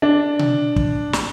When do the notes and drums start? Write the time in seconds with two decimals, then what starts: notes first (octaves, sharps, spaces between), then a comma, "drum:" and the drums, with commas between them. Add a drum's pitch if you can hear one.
0.02 D4
0.39 drum: tom B2
0.76 drum: kick
1.13 drum: snare